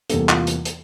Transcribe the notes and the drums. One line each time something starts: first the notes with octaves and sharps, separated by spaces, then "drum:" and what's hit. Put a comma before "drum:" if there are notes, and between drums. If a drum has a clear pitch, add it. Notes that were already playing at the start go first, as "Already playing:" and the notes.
E2 C3 G3 A#3 A4, drum: hi-hat
F4, drum: clap
drum: hi-hat
drum: hi-hat